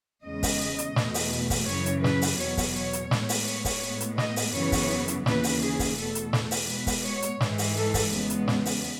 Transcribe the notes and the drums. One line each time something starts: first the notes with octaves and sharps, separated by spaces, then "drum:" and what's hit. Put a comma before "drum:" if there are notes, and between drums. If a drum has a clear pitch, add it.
E2 C#3 G#3 D#5
drum: kick, open hi-hat
drum: hi-hat
E2 B2 A3, drum: snare
drum: open hi-hat
drum: kick, open hi-hat
F#2 C#3 E3 C#5
drum: hi-hat
B4, drum: snare
drum: open hi-hat
E2 B2 F#3 C#5
drum: kick, open hi-hat
C#5
drum: hi-hat
A2 G#3 B3, drum: snare
drum: open hi-hat
C#5
drum: kick, open hi-hat
A2 G#3 B3
drum: hi-hat
D#5, drum: snare
drum: open hi-hat
F#2 C#3 E3 B3 C#5
drum: kick, open hi-hat
drum: hi-hat
D#2 C#3 E3 B4, drum: snare
drum: open hi-hat
G#4
drum: kick, open hi-hat
E2 B2 A3 A4
drum: hi-hat
drum: snare
drum: open hi-hat
B2 G#3 B3 B4
drum: kick, open hi-hat
C#5
drum: hi-hat
G#2 E3 G#3, drum: snare
drum: open hi-hat
A4
drum: kick, open hi-hat
E2 C#3 G#3 B3
drum: hi-hat
drum: snare
drum: open hi-hat